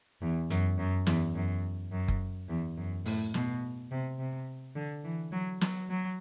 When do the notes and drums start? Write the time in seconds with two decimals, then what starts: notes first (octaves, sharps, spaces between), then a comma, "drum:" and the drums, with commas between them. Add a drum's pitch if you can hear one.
0.21 E2
0.50 F#2, drum: hi-hat
0.79 F#2
1.07 E2, drum: snare
1.35 F#2
1.92 F#2
2.08 drum: kick F#1
2.49 E2
2.77 F#2
3.06 A2, drum: open hi-hat
3.34 B2, drum: snare
3.91 C3
4.19 C3
4.76 D3
5.04 E3
5.32 F#3
5.61 F#3, drum: snare
5.90 F#3